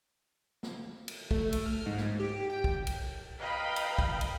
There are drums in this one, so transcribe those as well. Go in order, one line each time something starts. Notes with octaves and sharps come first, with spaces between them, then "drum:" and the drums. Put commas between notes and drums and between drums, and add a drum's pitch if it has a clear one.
drum: snare
drum: cymbal
A3, drum: kick
drum: cymbal
F6
G#2
drum: snare
G4
G5
drum: kick
drum: cymbal
B4 D#5 F5 G5 A#5 B5
drum: cymbal
drum: kick
drum: cymbal